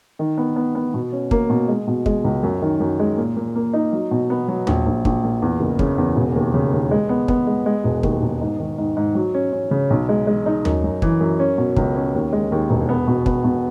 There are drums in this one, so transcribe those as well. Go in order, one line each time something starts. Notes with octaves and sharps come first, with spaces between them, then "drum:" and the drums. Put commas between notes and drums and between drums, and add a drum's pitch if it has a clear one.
D#3
B3
B3
B3
B2
C#4
A#3, drum: kick
B2
G#3
B2
G#3, drum: kick
C#2
F#2
D#3
F#2
G#3
A#2
A#2
A#3
D#4
F#3
B2
B3
F#3
A#1, drum: tom D#2
A#1
A#1, drum: kick
A#2
E2
F#1
C#3, drum: kick
E2
E1
D#2
C#3
D#2
G#3
B3
B3, drum: kick
G#3
G#3
E1
D#2, drum: kick
E1
G#2
D#3
G#2
G#2
F#3
C#4
C#4
C#3
B1
G#3
G#3
D#4
F#2, drum: tom D#2
F#2
E3, drum: kick
F#2
C#4
B2
C#2, drum: kick
C#4
D#2
G#3
D#2
E1
B3
B2
B3, drum: kick
B2